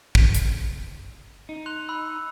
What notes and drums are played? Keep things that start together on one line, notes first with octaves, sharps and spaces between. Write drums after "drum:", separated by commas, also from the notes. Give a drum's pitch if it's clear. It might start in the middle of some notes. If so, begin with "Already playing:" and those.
drum: kick
drum: hi-hat
D#4
C6 F#6 F7
B5 E6